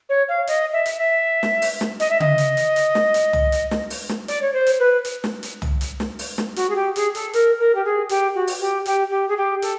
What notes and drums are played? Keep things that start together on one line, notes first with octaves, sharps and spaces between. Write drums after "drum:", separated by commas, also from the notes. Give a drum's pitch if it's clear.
C#5
F5
D#5, drum: hi-hat
E5
drum: hi-hat
E5
drum: snare
drum: open hi-hat
drum: snare
D#5, drum: hi-hat
E5
D#5, drum: tom C#3
drum: hi-hat
drum: hi-hat
drum: hi-hat
drum: snare
drum: hi-hat
drum: tom
drum: hi-hat
drum: snare
drum: open hi-hat
drum: snare
D5, drum: hi-hat
C#5
C5
drum: hi-hat
B4
drum: hi-hat
drum: snare
drum: hi-hat
drum: tom
drum: hi-hat
drum: snare
drum: open hi-hat
drum: snare
F#4, drum: hi-hat
G#4
G4
G#4, drum: hi-hat
A4, drum: hi-hat
A#4, drum: hi-hat
A#4
G4
G#4
G4, drum: hi-hat
F#4
drum: open hi-hat
G4
G4, drum: hi-hat
G4
G#4
G4
A4, drum: hi-hat